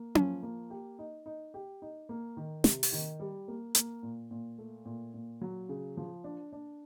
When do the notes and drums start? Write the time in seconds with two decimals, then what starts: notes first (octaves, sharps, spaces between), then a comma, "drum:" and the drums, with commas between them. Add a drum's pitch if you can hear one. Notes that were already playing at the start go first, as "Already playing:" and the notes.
Already playing: A#3
0.15 F3, drum: tom C#4
0.43 A#3
0.70 G4
0.99 D#4
1.26 D#4
1.54 G4
1.82 D#4
2.09 A#3
2.37 D#3
2.64 C3, drum: snare
2.83 drum: open hi-hat
2.92 D#3
3.20 G3
3.48 A#3
3.75 A#3, drum: hi-hat
4.03 A#2
4.31 A#2
4.58 A3
4.85 A#2
5.14 A#2
5.41 F#3
5.69 C#3
5.97 F3
6.24 D4
6.53 D4